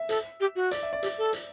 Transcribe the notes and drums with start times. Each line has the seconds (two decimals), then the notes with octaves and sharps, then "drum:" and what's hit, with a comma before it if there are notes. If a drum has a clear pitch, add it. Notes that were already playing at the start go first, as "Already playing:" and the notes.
Already playing: E5
0.09 A4, drum: hi-hat
0.40 G4
0.56 F#4
0.71 D5, drum: hi-hat
0.83 E5
0.93 D5
1.03 G4, drum: hi-hat
1.18 A4
1.33 drum: hi-hat